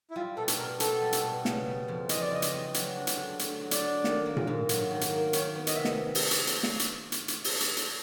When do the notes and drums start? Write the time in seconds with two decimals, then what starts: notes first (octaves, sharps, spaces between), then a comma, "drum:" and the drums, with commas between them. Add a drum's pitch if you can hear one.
0.10 E4
0.15 G3 F4
0.37 B2 A4
0.48 drum: hi-hat
0.59 B2 A#4
0.80 B3 A4, drum: hi-hat
1.02 G3
1.13 drum: hi-hat
1.23 B2
1.45 C#3, drum: snare
1.66 G3
1.88 F2
2.09 E3 D#5, drum: hi-hat
2.21 D5
2.31 C#3 D#5
2.42 drum: hi-hat
2.53 G3
2.74 F#3, drum: hi-hat
2.96 D4
3.07 drum: hi-hat
3.18 D3
3.39 A3, drum: hi-hat
3.61 F#3
3.71 D5, drum: hi-hat
3.83 D4
4.04 D#3, drum: snare
4.26 A#3
4.37 drum: tom A#2
4.47 G#2
4.69 F#3, drum: hi-hat
4.91 D#3
5.01 drum: hi-hat
5.12 A#3
5.33 D#3 C#5, drum: hi-hat
5.56 B3
5.67 D#5, drum: hi-hat
5.75 C3 E5
5.85 D#5, drum: snare
6.15 drum: open hi-hat
6.31 drum: hi-hat
6.47 drum: hi-hat
6.63 drum: snare
6.79 drum: hi-hat
7.12 drum: hi-hat
7.28 drum: hi-hat
7.44 drum: open hi-hat
7.60 drum: hi-hat
7.77 drum: hi-hat